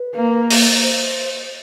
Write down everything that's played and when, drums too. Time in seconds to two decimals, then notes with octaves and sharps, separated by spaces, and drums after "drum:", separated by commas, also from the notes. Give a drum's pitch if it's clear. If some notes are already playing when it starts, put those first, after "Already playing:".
Already playing: B4
0.15 A#3
0.50 drum: open hi-hat
0.82 C5